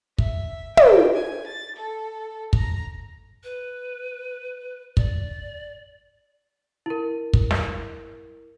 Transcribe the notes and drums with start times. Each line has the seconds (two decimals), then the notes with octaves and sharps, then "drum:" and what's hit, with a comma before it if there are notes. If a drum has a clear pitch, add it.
0.18 E5, drum: kick
0.77 G5, drum: tom
1.13 G#5
1.48 A6
1.76 A4
2.53 A#5, drum: kick
3.43 B4
4.97 D5, drum: kick
6.86 E4 A#4
7.33 drum: kick
7.51 drum: snare